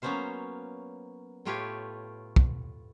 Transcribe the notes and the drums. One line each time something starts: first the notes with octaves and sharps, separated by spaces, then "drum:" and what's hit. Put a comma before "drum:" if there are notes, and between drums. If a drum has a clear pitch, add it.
F#3 A#3 B3 C#4 C5 F5
A2 A3 F4 G4 B4 C#5
drum: kick